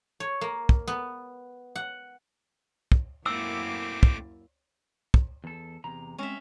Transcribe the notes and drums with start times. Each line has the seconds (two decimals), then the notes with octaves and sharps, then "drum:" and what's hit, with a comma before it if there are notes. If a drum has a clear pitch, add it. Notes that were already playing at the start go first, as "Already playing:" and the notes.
0.20 C#5
0.41 A#3
0.69 drum: kick
0.87 B3
1.76 F#5
2.92 drum: kick
3.26 F#2 A3 A#3 C4 E4 D6 E6
4.03 drum: kick
5.14 drum: kick
5.44 E2 A4
5.84 E2 C3 A#5
6.18 G#3 C4 C#4 D#5 E5